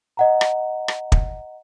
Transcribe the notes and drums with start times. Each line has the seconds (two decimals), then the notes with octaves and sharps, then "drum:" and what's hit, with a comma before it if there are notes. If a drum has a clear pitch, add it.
0.17 D#5 F#5 A#5
0.41 drum: rim click
0.88 drum: rim click
1.12 drum: kick